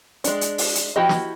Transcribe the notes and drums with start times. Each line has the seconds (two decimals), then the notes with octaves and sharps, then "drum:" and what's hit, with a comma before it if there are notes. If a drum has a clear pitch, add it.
0.24 G#3 D4, drum: hi-hat
0.41 drum: hi-hat
0.58 drum: open hi-hat
0.75 drum: hi-hat
0.96 F3 E4 F#4 G4 D#5
1.09 drum: snare